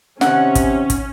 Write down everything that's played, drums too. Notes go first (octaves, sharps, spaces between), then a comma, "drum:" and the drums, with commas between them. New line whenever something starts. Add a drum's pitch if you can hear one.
C3 D#3 C#4 F#5, drum: snare
drum: kick, hi-hat
drum: kick, hi-hat